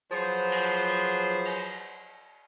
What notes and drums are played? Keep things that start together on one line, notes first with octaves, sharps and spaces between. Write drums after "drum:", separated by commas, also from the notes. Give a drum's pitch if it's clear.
F3 F#3 G#4 B4 C5
drum: cymbal
drum: hi-hat
drum: cymbal